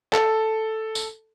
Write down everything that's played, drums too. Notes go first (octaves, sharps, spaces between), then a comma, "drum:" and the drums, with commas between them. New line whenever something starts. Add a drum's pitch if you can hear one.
A4, drum: clap
drum: tambourine